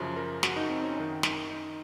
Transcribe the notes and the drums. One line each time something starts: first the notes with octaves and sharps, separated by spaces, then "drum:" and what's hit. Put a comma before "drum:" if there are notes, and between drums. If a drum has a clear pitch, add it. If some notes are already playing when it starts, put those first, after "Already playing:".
Already playing: F#2 C#3 F3
A#4
F#4, drum: snare
D#4
C4
C#4
F#2 D#3 D#4
D#4, drum: snare
D#4